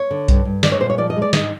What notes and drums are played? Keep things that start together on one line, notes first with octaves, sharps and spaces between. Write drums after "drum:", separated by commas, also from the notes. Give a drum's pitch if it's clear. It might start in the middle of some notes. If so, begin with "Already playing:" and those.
Already playing: C#5
D3
G2, drum: kick B1, hi-hat
G2
G#3 D5, drum: snare
C#5
A#2 C5
C#5
F3 D5
D#5
G#3
D5
G#2 D#5, drum: snare